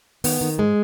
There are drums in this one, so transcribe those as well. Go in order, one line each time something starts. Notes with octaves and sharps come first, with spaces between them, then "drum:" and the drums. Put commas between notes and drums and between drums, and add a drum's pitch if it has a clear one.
D#3 B3, drum: open hi-hat
D#3
G#2 G#3